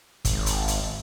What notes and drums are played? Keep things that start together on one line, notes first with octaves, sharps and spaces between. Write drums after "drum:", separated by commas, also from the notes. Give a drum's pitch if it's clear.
G#1, drum: kick, hi-hat
drum: hi-hat
drum: hi-hat